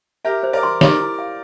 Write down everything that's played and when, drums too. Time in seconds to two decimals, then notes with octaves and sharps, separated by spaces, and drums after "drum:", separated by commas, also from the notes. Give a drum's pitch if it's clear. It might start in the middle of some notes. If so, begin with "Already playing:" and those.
0.25 G4 A#4 E5
0.43 C5
0.53 A#4 D5
0.63 C6
0.81 G4 A#4 D5, drum: snare
1.00 E4
1.19 F5